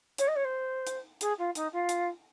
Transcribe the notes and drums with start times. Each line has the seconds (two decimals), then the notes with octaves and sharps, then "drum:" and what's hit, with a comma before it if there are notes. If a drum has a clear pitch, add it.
0.18 C#5, drum: hi-hat
0.27 D#5
0.35 C#5
0.44 C5
0.87 drum: hi-hat
1.21 G#4, drum: hi-hat
1.38 F4
1.55 D#4, drum: hi-hat
1.72 F4
1.89 drum: hi-hat